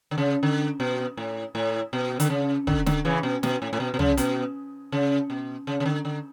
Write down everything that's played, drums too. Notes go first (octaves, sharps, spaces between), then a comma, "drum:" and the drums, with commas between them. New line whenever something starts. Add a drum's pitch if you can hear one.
D3
C#3
D3
B2
A2
A2
B2
D3, drum: hi-hat
C#3
D3, drum: kick
D3, drum: snare
C#3 E3
B2
B2, drum: snare
A2
A2
B2
B2
C#3, drum: tom
B2, drum: hi-hat
C#3
B2
C#3
C#3
D3
D3